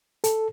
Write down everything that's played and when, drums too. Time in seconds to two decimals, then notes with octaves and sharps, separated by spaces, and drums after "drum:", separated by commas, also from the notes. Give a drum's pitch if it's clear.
0.24 A4, drum: hi-hat